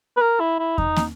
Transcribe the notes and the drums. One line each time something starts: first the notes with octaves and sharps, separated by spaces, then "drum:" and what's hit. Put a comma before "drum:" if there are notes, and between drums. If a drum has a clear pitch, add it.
B4
A#4
E4
E4
D#4, drum: kick E2
drum: snare